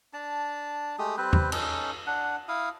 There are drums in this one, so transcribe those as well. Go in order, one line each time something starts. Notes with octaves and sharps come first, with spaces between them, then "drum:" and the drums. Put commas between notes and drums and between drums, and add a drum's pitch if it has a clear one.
D4 A5
G#3 A3 G4 D#6
G3 C4 B4 C5
drum: tom E2
C#4 D#4 A4, drum: cymbal
D4 F#5
E4 F5 D#6